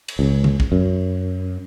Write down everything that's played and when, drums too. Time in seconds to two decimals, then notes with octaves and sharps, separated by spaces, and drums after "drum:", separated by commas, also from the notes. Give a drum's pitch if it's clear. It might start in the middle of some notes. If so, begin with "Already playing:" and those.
0.08 drum: cymbal
0.19 C#2
0.44 drum: tom
0.60 drum: kick
0.72 F#2